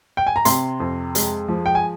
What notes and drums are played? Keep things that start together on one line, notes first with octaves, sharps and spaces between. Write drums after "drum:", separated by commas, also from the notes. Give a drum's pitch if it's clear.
G5
G#5
A#5
C3 C6, drum: hi-hat
F2
G#3, drum: hi-hat
F3
G5
G#5